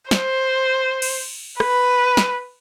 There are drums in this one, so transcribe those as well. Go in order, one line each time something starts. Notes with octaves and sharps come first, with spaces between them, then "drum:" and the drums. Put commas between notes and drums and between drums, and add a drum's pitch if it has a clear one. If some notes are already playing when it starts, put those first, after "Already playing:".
C5, drum: snare
drum: cymbal
B4, drum: rim click
drum: snare